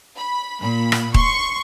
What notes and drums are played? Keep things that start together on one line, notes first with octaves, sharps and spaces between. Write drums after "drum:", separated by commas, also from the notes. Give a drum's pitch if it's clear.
B5
A#2 B5
drum: rim click
C6 C#6, drum: kick D#1